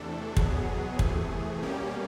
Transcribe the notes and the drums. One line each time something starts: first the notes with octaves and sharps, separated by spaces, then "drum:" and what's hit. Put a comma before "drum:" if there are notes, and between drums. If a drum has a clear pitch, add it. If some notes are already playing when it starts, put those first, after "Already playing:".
Already playing: E2 C3 E3 A3 D4 A4
E2 B2 F#3 B3 G#4, drum: kick
C3 E3 A3, drum: kick
B2 G3 A#3 C#4 G4